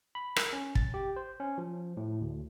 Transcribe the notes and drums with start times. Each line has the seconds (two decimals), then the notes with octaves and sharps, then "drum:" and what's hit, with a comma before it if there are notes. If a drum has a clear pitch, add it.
0.15 B5
0.36 A#4, drum: rim click
0.53 C#4
0.75 A6, drum: kick
0.94 G4
1.16 C5
1.40 C#4
1.58 F3
1.97 A2
2.21 D2